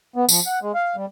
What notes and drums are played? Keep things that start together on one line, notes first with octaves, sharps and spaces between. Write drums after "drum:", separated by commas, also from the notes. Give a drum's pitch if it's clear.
B3
F3, drum: tambourine
F#5
G#3
F5
G3